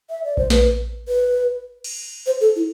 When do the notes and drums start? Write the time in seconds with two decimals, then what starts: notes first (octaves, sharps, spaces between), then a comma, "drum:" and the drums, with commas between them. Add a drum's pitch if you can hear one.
0.10 E5
0.24 D5
0.37 C5, drum: kick A#1
0.50 B4, drum: snare
1.08 B4
1.84 drum: cymbal
2.26 C5
2.41 A4
2.56 E4